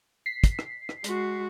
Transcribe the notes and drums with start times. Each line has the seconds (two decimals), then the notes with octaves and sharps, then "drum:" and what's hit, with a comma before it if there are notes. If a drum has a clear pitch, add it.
0.26 B6 C7
0.44 drum: kick, hi-hat
0.59 drum: rim click
0.89 drum: rim click
1.04 G#3 F#4, drum: hi-hat